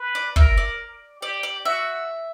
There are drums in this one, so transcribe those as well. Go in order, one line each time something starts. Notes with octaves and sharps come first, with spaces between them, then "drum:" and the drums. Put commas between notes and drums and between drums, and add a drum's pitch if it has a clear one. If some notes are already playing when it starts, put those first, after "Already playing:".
Already playing: B4
D5
A#4 E5, drum: kick
D5
G4 D5
D5
F#4 E5